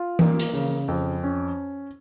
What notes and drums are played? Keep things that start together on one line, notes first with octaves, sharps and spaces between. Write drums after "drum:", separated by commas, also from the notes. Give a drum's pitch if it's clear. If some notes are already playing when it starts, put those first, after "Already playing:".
Already playing: F4
A#3, drum: tom E3
drum: hi-hat
C#3
F2
C#4